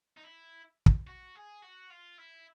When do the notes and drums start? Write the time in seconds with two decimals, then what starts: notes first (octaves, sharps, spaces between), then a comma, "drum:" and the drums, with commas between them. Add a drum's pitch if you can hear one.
0.17 D#4
0.24 E4
0.86 drum: kick
1.07 F#4
1.35 G#4
1.62 F#4
1.90 F4
2.18 E4